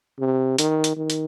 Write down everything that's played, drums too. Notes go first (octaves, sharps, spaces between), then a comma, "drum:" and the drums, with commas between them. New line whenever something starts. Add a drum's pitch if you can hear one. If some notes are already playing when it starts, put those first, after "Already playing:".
C3
D#3, drum: hi-hat
drum: hi-hat
D#3
drum: hi-hat